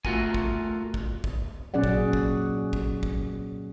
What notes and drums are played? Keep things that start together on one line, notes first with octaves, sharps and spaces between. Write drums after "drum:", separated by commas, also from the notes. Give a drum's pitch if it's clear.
A3 F4 F#4 A#4 G#5, drum: kick
drum: kick
drum: kick
drum: kick
A#2 F#3 C#4 G#4 D5 F#5
drum: kick
drum: kick
drum: kick
drum: kick